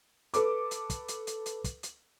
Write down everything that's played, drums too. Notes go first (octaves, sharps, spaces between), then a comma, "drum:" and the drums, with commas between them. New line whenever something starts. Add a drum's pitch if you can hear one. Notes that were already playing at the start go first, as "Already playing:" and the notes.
A4 B4 D6, drum: hi-hat
drum: hi-hat
drum: kick, hi-hat
drum: hi-hat
drum: hi-hat
drum: hi-hat
drum: kick, hi-hat
drum: hi-hat